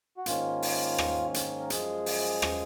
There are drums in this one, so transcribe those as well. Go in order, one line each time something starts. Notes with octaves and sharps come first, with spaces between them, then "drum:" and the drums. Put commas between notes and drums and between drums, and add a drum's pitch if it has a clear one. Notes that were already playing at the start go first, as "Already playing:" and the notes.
F#4
G#2 D#3 A#3 C#4 F4, drum: hi-hat
drum: open hi-hat
drum: rim click
drum: hi-hat
A#4
F#2 F3 G#3 G#4, drum: hi-hat
drum: open hi-hat
drum: rim click